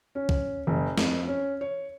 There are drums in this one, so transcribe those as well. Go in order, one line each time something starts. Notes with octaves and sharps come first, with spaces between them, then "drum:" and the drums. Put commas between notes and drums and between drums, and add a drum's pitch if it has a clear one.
C#4
drum: kick
F#1
F2, drum: snare
C#4
C#5